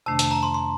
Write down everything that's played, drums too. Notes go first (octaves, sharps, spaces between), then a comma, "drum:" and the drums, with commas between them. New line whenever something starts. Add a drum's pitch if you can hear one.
F2 C3 D#3 A3 D4 A5
A5, drum: hi-hat
A#5
C6
C6